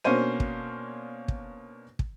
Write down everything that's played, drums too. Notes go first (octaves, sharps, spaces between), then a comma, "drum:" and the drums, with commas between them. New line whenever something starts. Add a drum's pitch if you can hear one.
B2 A#3 C#4 D4 C5 D#7
drum: kick
drum: kick
drum: kick